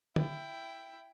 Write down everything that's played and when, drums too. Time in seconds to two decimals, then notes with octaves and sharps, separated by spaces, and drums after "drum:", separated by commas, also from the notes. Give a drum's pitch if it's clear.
0.16 E4 G5, drum: tom